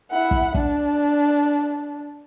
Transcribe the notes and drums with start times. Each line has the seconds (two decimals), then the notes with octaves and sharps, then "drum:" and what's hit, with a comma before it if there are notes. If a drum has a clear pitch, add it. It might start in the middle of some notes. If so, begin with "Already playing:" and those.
0.11 E4 F#5
0.31 drum: kick
0.55 D4, drum: kick